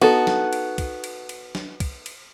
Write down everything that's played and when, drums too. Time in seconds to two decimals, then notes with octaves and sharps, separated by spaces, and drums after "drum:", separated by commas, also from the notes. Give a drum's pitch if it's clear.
0.02 B3 D#4 F#4 A4, drum: cymbal
0.27 drum: snare
0.53 drum: cymbal
0.78 drum: kick, cymbal
1.04 drum: cymbal
1.29 drum: cymbal
1.55 drum: snare
1.80 drum: kick, cymbal
2.06 drum: cymbal